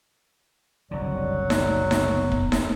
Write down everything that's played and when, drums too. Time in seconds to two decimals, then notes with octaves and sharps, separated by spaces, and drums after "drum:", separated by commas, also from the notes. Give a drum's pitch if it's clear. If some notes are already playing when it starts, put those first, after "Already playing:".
0.91 F#1 C2 D3 F#3 D5
1.50 drum: snare D#4
1.91 drum: snare D#4
2.11 B3
2.32 drum: kick
2.52 drum: snare D#4